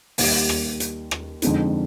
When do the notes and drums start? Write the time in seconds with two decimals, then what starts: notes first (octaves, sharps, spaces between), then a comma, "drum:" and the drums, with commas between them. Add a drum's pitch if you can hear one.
0.18 D#2 D#3 G3, drum: open hi-hat
0.49 drum: rim click
0.80 drum: hi-hat
1.11 drum: rim click
1.42 F2 D3 G#3 C4 D#4, drum: hi-hat